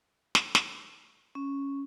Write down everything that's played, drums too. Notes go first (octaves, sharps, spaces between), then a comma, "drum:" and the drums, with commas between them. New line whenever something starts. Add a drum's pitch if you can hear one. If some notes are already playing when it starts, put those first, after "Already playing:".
drum: snare
drum: snare
C#4